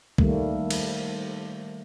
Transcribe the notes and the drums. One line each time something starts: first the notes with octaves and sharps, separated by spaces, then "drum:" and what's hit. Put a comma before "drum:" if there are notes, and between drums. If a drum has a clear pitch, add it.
D#3 G3 A3 A#3, drum: kick C2
drum: cymbal